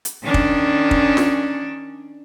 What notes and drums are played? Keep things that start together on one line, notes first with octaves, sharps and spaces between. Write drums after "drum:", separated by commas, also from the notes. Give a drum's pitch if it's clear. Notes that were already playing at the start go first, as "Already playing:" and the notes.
drum: hi-hat
D#3 C#4 D4
drum: kick
drum: kick
drum: snare